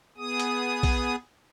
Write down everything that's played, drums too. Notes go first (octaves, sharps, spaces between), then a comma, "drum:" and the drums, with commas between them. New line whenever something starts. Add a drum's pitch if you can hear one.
B3 G#4 D#6
drum: hi-hat
drum: kick, open hi-hat